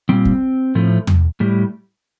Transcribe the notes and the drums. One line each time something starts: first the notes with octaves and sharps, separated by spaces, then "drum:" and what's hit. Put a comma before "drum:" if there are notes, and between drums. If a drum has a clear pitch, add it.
A#2 G3 C4
drum: kick
A2 F3 A3
drum: tom E2
A2 G3